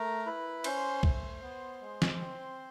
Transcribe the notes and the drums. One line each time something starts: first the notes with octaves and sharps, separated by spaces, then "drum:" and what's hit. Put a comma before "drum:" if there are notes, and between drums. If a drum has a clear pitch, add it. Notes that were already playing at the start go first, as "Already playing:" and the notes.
Already playing: A3 A#4 A#5
E4 B4 B5
C#4 C5 C6, drum: cymbal
A3, drum: kick B1
B3
G#3
drum: snare
C4